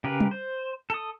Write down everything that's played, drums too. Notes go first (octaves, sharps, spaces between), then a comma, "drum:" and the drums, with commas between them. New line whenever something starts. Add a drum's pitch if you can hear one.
C#3 G4 A#4 B4
drum: tom
C5
A4 D#6